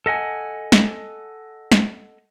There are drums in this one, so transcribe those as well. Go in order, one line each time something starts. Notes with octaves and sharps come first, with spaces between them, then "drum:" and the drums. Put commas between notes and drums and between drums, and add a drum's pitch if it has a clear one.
A4 D#5 F#5 G#5
drum: snare
drum: snare